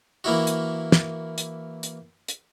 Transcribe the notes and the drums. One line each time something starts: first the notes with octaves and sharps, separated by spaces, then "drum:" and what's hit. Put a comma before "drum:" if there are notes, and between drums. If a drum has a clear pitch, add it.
E3 A#3 E4 F#4
drum: hi-hat
drum: snare
drum: hi-hat
drum: hi-hat
drum: hi-hat